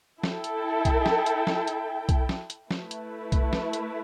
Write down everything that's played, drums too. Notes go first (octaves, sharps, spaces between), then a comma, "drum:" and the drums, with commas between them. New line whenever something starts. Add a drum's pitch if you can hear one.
E4 A4 G5, drum: snare
drum: hi-hat
drum: kick B1, hi-hat
drum: snare
drum: hi-hat
drum: snare
drum: hi-hat
drum: kick B1, hi-hat
drum: snare
drum: hi-hat
A3 E4 B4, drum: snare
drum: hi-hat
drum: kick B1, hi-hat
drum: snare
drum: hi-hat